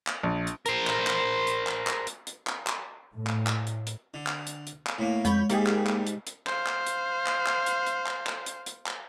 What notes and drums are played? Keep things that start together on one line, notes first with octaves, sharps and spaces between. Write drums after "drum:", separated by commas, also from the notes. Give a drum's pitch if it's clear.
drum: clap
A#1
drum: hi-hat
A#4 C5, drum: hi-hat
drum: clap
drum: clap
drum: hi-hat
drum: clap
drum: clap
drum: hi-hat
drum: hi-hat
drum: clap
drum: clap
A2
drum: clap
drum: clap
drum: hi-hat
drum: hi-hat
D3
drum: clap
drum: hi-hat
drum: hi-hat
drum: clap
A2 A#3
F2 G#3 C#5 B5 G6, drum: hi-hat
G#2 G3 A#3 G4 G#4, drum: hi-hat
drum: clap
drum: clap
drum: hi-hat
drum: hi-hat
C5 F5, drum: clap
drum: clap
drum: hi-hat
drum: clap
drum: clap
drum: hi-hat
drum: hi-hat
drum: clap
drum: clap
drum: hi-hat
drum: hi-hat
drum: clap